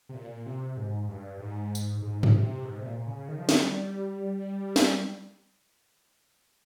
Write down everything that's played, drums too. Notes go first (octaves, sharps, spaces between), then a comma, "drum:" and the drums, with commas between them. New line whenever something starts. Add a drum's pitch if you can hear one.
C3
A#2
C3
G#2
G2
G#2
drum: tambourine
G#2
drum: tom G2
C3
G#2
C3
A#2
C#3
D#3
F3
D#3, drum: snare
G3
drum: snare